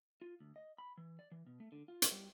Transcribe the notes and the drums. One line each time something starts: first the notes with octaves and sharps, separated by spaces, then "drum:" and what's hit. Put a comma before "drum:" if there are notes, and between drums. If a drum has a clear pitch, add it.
F4
D2
D#5
B5
E3
D5
E3
B2
A3
D3
F4
drum: hi-hat
G3